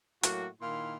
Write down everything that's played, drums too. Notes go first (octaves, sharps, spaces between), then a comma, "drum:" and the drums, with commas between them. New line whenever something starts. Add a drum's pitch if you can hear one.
A2 F#3 A#3 F#4, drum: hi-hat
A#2 D#3 E4 F5 C6